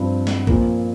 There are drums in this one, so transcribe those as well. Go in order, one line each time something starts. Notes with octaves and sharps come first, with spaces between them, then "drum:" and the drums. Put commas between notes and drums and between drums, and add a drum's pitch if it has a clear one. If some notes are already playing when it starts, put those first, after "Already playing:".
Already playing: G2 F3 C4
drum: snare
A#2 F3 A#3, drum: kick